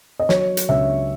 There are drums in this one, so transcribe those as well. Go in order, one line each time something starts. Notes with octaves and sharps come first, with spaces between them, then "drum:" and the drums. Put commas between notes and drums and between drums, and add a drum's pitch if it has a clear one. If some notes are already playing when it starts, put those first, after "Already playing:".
D#5
F#3 C#5, drum: snare
drum: hi-hat
C#2 E5